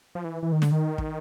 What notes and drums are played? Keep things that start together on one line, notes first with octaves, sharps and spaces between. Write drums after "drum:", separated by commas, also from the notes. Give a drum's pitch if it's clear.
F3
E3
E3
D#3
D3, drum: snare
D#3
drum: kick